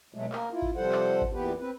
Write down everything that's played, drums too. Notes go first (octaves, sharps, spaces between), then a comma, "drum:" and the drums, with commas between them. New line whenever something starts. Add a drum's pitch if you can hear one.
B2 F#3 G#3 A3
A#3 A#4, drum: clap
E4 F4
drum: kick G#1
C3 F3 G3 A4 C5 F#5
drum: clap
drum: kick G#1
E2 A#2 E3 B3 G4 B4
C4 B4